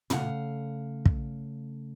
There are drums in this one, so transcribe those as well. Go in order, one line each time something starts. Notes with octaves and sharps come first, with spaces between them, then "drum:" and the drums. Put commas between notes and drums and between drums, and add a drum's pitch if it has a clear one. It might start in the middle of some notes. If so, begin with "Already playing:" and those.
C#3 A3 F5 F#5, drum: tom
drum: kick